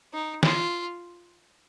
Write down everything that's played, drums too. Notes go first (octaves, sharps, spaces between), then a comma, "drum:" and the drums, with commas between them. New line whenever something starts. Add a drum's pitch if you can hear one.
D#4
F4, drum: snare